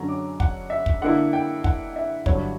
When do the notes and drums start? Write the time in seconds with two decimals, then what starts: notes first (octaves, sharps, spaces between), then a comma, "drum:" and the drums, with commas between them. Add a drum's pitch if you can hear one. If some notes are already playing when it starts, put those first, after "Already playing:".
Already playing: F#2 D3 F#3 C#4 A#5
0.09 D6
0.40 F#5, drum: kick
0.70 E5
0.86 drum: kick
1.02 D3 A#3 E4 F#5
1.33 G5
1.64 F#5, drum: kick
1.96 E5
2.26 G2 D3 F#3 C#5, drum: kick